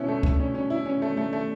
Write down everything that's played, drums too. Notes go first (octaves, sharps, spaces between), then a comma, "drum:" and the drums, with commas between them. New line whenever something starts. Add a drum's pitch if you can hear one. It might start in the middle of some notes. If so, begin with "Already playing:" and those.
Already playing: B2 C#4 E4
A3
A3, drum: kick C#2
C#4
C#4
E4
C#4
A3
A3
A3